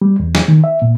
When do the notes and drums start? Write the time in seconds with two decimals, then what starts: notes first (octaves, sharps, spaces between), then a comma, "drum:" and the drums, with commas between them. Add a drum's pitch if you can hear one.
0.02 G3
0.20 E2
0.35 drum: snare
0.48 D#3
0.64 E5
0.82 A#2